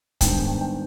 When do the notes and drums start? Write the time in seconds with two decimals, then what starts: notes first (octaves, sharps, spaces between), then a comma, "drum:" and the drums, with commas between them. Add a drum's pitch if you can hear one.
0.21 G#2 D#3 G3 B3 D4 G5, drum: kick C#1, hi-hat
0.34 G#5
0.48 G5
0.61 G5